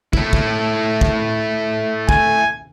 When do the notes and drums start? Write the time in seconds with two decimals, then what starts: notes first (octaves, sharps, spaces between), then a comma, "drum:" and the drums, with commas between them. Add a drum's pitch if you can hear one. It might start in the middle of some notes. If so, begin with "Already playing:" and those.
0.13 A3 E4, drum: kick
0.33 drum: kick
1.01 drum: kick
2.09 G#5, drum: kick